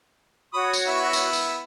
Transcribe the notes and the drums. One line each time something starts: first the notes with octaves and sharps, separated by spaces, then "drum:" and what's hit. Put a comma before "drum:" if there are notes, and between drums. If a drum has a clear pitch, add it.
F#4 C#5 B5 C#6 D#6
drum: tambourine
B3 E4 E5
drum: tambourine
drum: tambourine